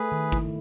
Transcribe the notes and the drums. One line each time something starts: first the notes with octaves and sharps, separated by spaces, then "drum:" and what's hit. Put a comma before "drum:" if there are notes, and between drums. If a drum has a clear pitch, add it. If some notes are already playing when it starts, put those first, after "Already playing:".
Already playing: A3 G#4 B4
D#3
E4, drum: kick G#1